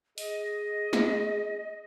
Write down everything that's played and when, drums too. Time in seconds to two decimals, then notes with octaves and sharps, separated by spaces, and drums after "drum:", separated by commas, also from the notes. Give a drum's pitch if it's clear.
0.18 G#4 D#5, drum: open hi-hat
0.93 drum: snare